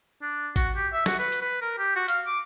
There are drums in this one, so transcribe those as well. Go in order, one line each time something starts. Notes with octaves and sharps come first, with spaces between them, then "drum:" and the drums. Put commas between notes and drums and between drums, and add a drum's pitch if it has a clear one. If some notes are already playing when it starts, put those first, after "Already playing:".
D4
F#4, drum: kick A1, hi-hat
G4
E5
F#4, drum: snare
B4
drum: hi-hat
B4
A#4
G4
F#4
F5, drum: hi-hat
D6